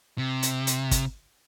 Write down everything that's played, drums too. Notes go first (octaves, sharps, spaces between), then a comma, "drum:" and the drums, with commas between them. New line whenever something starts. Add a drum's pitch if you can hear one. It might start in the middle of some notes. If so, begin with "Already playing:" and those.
C3
drum: hi-hat
drum: hi-hat
drum: kick, hi-hat